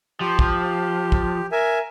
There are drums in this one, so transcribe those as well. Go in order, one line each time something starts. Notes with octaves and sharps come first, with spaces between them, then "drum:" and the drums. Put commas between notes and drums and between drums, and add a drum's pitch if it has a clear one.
F3 G4
drum: kick
drum: kick
A#4 E5 G#5